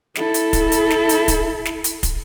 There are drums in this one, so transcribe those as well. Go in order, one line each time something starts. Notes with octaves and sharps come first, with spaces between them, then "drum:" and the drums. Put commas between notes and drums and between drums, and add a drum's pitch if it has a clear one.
E4 A4, drum: snare
drum: hi-hat
drum: kick, hi-hat
drum: hi-hat
drum: snare
drum: hi-hat
drum: kick, hi-hat
drum: snare
drum: hi-hat
drum: kick, hi-hat